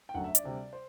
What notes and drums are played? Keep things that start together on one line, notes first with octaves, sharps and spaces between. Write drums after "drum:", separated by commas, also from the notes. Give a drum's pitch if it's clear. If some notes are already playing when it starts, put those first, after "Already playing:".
G5
G1 F#2 F#3 A3 F#5
E5
D5, drum: hi-hat
D2 C3 G3
C5